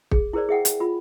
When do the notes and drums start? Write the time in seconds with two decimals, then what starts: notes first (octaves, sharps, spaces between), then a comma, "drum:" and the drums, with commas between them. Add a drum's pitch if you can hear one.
0.11 G#4, drum: kick
0.33 E4 G#4 A#4 C5 D5
0.49 G#4 E5 F#5 G5
0.65 drum: hi-hat
0.80 F4 B5